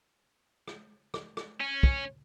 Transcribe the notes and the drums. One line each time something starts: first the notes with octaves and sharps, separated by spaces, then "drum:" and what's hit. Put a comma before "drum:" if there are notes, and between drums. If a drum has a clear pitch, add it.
drum: rim click
drum: rim click
drum: rim click
C#4
drum: kick